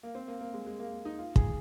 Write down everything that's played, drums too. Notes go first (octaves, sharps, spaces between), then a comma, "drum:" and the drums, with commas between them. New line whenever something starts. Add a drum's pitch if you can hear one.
A#3
C4
A#3
A#3
G#3
G#3
A#3
D#4
F4
G#4, drum: kick